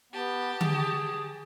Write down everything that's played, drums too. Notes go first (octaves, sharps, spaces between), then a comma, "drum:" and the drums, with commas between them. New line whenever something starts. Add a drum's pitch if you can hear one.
B3 G4 A5
G#4, drum: tom D3